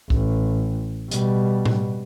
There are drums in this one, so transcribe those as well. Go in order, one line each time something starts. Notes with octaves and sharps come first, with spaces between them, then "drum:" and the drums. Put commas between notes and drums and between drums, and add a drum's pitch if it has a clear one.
A1, drum: kick C2
B2 G3, drum: hi-hat
drum: tom A2